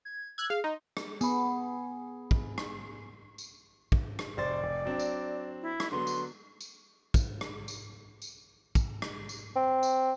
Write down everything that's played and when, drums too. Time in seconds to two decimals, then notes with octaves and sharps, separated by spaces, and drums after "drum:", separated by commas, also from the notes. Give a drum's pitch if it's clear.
0.05 G#6
0.38 E6 F#6 G#6
0.50 G#4 F5
0.64 D#4 C6
0.97 drum: rim click
1.21 B3 G#4 B5, drum: tambourine
2.31 drum: kick
2.58 drum: rim click
3.38 drum: tambourine
3.92 drum: kick
4.19 drum: rim click
4.37 F1 C5 D5 A6
4.63 F1
4.85 F#3 C4 D4
4.99 drum: tambourine
5.62 E4
5.80 drum: rim click
5.92 D3 F#3 B3 C6
6.07 drum: tambourine
6.61 drum: tambourine
7.14 drum: kick, tambourine
7.41 drum: rim click
7.68 drum: tambourine
8.22 drum: tambourine
8.75 drum: kick, tambourine
9.02 drum: rim click
9.29 drum: tambourine
9.56 C4
9.83 drum: tambourine